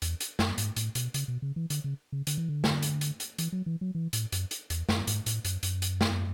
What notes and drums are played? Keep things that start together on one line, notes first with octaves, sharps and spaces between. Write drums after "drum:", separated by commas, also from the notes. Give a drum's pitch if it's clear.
E2, drum: hi-hat
drum: hi-hat
F#2, drum: snare
G#2, drum: hi-hat
A2, drum: hi-hat
B2, drum: hi-hat
C#3, drum: hi-hat
B2
C#3
E3
D3, drum: hi-hat
C#3
C#3
D3, drum: hi-hat
E3
D3
drum: snare
drum: hi-hat
drum: hi-hat
drum: hi-hat
E3, drum: hi-hat
F#3
E3
F#3
E3
A2, drum: hi-hat
F#2, drum: hi-hat
drum: hi-hat
E2, drum: hi-hat
F#2, drum: snare
G#2, drum: hi-hat
A2, drum: hi-hat
F#2, drum: hi-hat
F#2, drum: hi-hat
drum: hi-hat
drum: snare